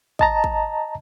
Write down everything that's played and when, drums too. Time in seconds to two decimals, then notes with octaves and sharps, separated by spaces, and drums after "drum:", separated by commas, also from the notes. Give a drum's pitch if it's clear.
0.19 D#5 A5 A#5, drum: kick
0.44 drum: kick